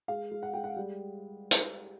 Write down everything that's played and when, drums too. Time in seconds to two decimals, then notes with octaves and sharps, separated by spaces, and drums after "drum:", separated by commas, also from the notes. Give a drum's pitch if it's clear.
0.08 G#3 F5
0.32 G#3
0.43 F#5
0.53 G#3 G5
0.64 F#5
0.76 G3
1.51 drum: hi-hat